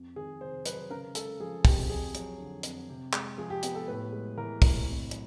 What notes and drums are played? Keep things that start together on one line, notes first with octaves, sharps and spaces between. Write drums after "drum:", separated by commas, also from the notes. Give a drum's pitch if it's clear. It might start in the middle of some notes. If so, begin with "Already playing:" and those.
Already playing: F2
D#3 G#4
C3 C5
F#3 B4, drum: hi-hat
C#3 A#4
G#3 A4, drum: hi-hat
F3 G#4
C4 G4, drum: kick, open hi-hat
F2 G#4
F#3, drum: hi-hat
D3
F2, drum: hi-hat
C3
G#3, drum: clap
F3 G#4
G4
B3 G4, drum: hi-hat
A4
A2 B4
G#3
E3 A#4
A2, drum: kick, open hi-hat
C3
F#3, drum: hi-hat